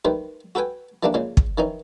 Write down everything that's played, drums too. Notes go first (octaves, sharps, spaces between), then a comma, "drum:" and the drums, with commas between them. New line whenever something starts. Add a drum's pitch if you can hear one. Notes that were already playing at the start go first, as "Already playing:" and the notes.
D#3 G3 A3 B4 C5
F#4 A4 B4 G5 G#5
E3 G3 A3 A#3 D4
A#2 C#3 G#3
drum: kick
D#3 E3 C#4 D#4